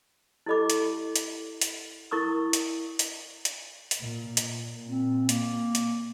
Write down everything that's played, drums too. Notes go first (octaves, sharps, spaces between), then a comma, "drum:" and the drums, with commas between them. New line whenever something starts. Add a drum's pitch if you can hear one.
E4 G4 A4 D#5 B5 D6
drum: hi-hat
drum: hi-hat
drum: hi-hat
E4 A#4 C#6 D#6 E6
drum: hi-hat
drum: hi-hat
drum: hi-hat
drum: hi-hat
A#2
drum: hi-hat
A#2
C4
A#3, drum: hi-hat
drum: hi-hat